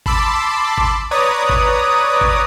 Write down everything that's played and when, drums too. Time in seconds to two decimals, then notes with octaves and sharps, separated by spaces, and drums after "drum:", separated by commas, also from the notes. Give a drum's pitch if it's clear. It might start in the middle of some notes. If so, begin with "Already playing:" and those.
0.06 A5 B5 C6 D6 E6, drum: kick
0.78 drum: kick
1.11 B4 C#5 D5 A#5 D#6
1.49 drum: kick
2.21 drum: kick